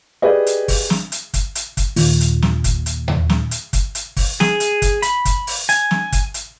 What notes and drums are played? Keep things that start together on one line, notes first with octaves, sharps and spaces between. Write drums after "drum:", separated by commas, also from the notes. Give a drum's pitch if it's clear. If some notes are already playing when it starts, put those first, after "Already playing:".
G4 G#4 B4 D5 D#5
drum: hi-hat
drum: kick, open hi-hat
drum: snare
drum: hi-hat
drum: kick, hi-hat
drum: hi-hat
drum: kick, hi-hat
D#2 A#2, drum: open hi-hat
drum: hi-hat
drum: snare
drum: kick, hi-hat
drum: hi-hat
drum: tom D#2
drum: snare
drum: hi-hat
drum: kick, hi-hat
drum: hi-hat
drum: kick, open hi-hat
G#4, drum: snare
drum: hi-hat
drum: kick, hi-hat
B5, drum: hi-hat
drum: kick, hi-hat
drum: open hi-hat
G#5, drum: hi-hat
drum: snare
drum: kick, hi-hat
drum: hi-hat